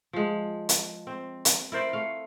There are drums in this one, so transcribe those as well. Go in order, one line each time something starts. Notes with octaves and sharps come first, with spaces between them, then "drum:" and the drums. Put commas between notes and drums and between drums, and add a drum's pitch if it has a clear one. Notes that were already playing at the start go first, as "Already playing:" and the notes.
F3 G#3
drum: hi-hat
C4
drum: hi-hat
E4 A#4 C5 D5
A3 F5